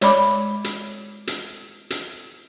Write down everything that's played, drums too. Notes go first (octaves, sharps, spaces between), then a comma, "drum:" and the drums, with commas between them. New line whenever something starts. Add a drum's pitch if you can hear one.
G#3 C#5 D5 B5 D6, drum: hi-hat
drum: hi-hat
drum: hi-hat
drum: hi-hat